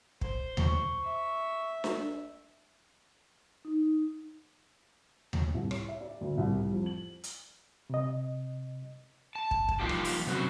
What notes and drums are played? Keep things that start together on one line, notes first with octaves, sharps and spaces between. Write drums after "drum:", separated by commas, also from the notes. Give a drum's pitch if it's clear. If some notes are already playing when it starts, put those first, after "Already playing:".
C5, drum: kick
C#6, drum: tom D#2
E5
drum: snare D4
D#4
drum: tom D#2
C2
C#5, drum: rim click
E5
D5
D2
C2
G3
F2
F#7
drum: hi-hat
C3 D#5
A5
drum: kick
drum: kick
F3 G3 A#3 D#4 F4 G4
drum: rim click
drum: open hi-hat
C3 F#3 B3 C#4 F#4